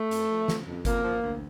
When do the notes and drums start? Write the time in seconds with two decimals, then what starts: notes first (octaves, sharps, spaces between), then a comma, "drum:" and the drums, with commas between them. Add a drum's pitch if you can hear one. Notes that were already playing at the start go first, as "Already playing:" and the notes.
Already playing: A3
0.11 F2, drum: hi-hat
0.29 F2
0.48 F3, drum: snare
0.67 F2
0.85 F2 A#3, drum: kick G1, hi-hat
1.04 F3
1.22 D2